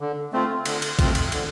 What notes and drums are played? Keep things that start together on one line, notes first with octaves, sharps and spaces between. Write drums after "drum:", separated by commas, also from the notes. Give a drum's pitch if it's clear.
D3
A3 C4 F4
D3, drum: cymbal
drum: cymbal
A3 C4 F4, drum: kick, cymbal
drum: cymbal
D3, drum: cymbal